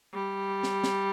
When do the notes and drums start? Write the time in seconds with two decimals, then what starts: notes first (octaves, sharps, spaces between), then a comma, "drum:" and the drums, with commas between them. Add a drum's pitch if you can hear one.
0.13 G3
0.63 drum: snare
0.84 drum: snare